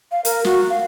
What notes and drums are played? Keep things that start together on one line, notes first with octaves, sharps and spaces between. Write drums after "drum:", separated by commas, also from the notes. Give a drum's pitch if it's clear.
F5
A#4, drum: hi-hat
F#4, drum: snare
F5